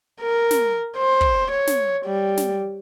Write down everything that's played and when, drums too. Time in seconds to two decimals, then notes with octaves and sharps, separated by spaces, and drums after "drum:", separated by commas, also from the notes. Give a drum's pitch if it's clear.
0.21 A#4
0.51 drum: snare
0.97 C5
1.21 drum: kick
1.52 C#5
1.67 drum: snare
2.06 G3
2.37 drum: snare